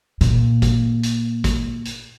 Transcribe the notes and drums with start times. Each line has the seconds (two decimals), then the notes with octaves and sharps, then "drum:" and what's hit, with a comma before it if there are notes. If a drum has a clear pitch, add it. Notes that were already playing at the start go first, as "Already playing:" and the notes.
0.21 A#2, drum: hi-hat
0.62 drum: kick, hi-hat
1.03 drum: hi-hat
1.44 drum: kick, hi-hat
1.85 drum: hi-hat